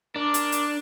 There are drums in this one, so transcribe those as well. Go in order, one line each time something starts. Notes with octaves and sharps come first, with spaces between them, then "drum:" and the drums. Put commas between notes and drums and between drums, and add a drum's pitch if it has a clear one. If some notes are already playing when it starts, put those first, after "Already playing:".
D4 A#4 D6
drum: hi-hat
drum: hi-hat